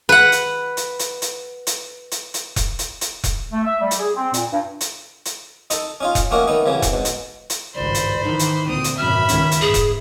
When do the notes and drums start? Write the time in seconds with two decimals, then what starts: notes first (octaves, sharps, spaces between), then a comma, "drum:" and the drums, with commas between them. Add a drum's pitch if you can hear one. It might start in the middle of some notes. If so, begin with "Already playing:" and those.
0.09 B4 F#5
0.32 drum: hi-hat
0.77 drum: hi-hat
0.99 drum: hi-hat
1.22 drum: hi-hat
1.67 drum: hi-hat
2.11 drum: hi-hat
2.34 drum: hi-hat
2.56 drum: kick E1, hi-hat
2.79 drum: hi-hat
3.01 drum: hi-hat
3.24 drum: kick E1, hi-hat
3.52 A3
3.64 E5
3.81 G3
3.91 drum: hi-hat
4.00 G#4
4.16 C4
4.34 A#2, drum: hi-hat
4.52 G2
4.81 drum: hi-hat
5.25 drum: hi-hat
5.70 D#4 A4, drum: hi-hat
6.00 C#4 D#4 F4
6.15 drum: kick E1, hi-hat
6.31 A3 A#3 C#4 F#4 D#5
6.47 D#3 A3 B3 D#4
6.66 C2 C#3 E3 F#3
6.82 drum: kick E1, hi-hat
6.93 G#2 B2
7.05 drum: hi-hat
7.50 drum: hi-hat
7.74 G#1 C#2 G2 C5 D5 B5
7.94 drum: hi-hat
8.24 D#3 E3 D#4
8.39 drum: hi-hat
8.67 D2 A#2 C4 D#6
8.84 drum: hi-hat
8.98 G#1 F#2 B2 E5 B5 F6
9.29 C#2 D#3 C#4, drum: hi-hat
9.51 drum: hi-hat
9.61 G#2 G#4
9.74 drum: kick E1, hi-hat